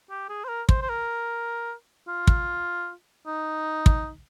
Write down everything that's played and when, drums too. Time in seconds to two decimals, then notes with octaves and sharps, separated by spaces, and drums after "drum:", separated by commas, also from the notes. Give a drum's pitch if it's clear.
0.10 G4
0.29 G#4
0.44 C5
0.49 A#4
0.69 C5, drum: kick
0.82 C5
0.89 A#4
2.08 F4
2.27 drum: kick
3.26 D#4
3.86 drum: kick